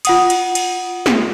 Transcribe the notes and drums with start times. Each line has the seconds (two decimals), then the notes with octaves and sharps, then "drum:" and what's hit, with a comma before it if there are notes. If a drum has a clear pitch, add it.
0.05 F4 F#5 D#6, drum: cymbal
0.30 drum: cymbal
0.55 drum: cymbal
1.06 drum: snare